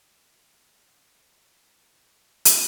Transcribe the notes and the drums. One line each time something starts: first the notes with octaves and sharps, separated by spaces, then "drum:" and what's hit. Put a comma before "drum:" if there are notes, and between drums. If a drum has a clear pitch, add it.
G3 B3 F4 A4 B4 C#5
drum: hi-hat